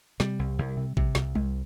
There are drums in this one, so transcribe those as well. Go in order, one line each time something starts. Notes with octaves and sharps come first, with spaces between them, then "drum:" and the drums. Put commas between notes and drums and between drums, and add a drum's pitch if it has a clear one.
C3 G3, drum: snare
C2
C2
C3
C3, drum: kick A1
C2, drum: snare
C2, drum: tom G3